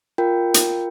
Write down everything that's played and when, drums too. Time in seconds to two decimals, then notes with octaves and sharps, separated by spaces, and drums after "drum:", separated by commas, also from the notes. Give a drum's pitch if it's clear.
0.18 F4 A#4 G5
0.54 drum: hi-hat